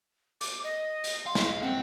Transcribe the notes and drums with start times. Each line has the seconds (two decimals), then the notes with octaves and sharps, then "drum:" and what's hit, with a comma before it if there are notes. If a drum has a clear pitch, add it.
0.41 D6, drum: hi-hat
0.64 D#5
1.04 drum: hi-hat
1.26 F5 C6
1.35 drum: snare
1.62 C4 F#5